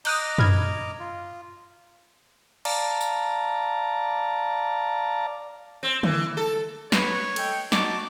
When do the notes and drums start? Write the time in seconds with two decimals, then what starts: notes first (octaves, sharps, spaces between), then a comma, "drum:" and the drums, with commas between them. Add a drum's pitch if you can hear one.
0.05 D#5 A#5 D6 D#6 F#6 G6, drum: cymbal
0.38 B5 F6 G#6, drum: tom F#2
1.00 F4
2.65 D5 F5 A5 A#5, drum: cymbal
3.01 drum: tambourine
5.83 C4
6.03 E3, drum: tom D3
6.37 A4
6.92 F#3 B4 C#5, drum: snare
7.36 A4 D#5 G5, drum: cymbal
7.72 D#4 F#4 A5 D6, drum: snare